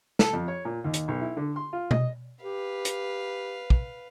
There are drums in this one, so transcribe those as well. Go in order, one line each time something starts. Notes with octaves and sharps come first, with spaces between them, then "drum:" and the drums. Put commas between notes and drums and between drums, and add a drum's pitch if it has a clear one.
A4, drum: snare
F2
C#5
A#2
D#2
drum: hi-hat
B1
E4
D3
C6
F4
D#5, drum: tom B2
G4 B4 F5
drum: hi-hat
drum: kick